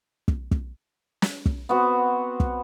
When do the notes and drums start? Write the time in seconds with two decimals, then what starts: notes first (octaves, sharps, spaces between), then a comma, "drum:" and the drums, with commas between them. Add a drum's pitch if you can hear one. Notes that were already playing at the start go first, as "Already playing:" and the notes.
0.28 drum: kick
0.51 drum: kick
1.22 drum: snare
1.46 drum: kick
1.69 B3 C4 F#4
2.40 drum: kick